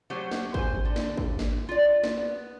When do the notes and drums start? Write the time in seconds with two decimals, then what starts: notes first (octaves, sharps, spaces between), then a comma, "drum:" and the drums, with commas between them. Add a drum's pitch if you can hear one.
0.10 F#3 A3 G4 C5 F#5
0.31 drum: snare
0.54 C5 G#5, drum: kick G#1
0.85 D3
0.96 drum: snare
1.18 drum: kick G#1
1.39 drum: snare
1.69 F4 D5
2.04 drum: snare
2.18 B3